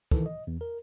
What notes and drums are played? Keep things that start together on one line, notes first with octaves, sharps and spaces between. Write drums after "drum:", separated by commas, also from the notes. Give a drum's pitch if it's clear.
D#3 E3 A4, drum: kick
D#5
E2
A#4